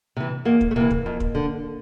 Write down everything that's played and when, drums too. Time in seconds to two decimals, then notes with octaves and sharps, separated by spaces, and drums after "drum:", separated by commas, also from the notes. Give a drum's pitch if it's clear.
0.16 C3 E3
0.45 E2 A#3
0.61 drum: kick
0.71 A3
0.76 C3 E3 A#3
0.91 drum: kick
1.06 F2
1.20 drum: kick
1.35 D3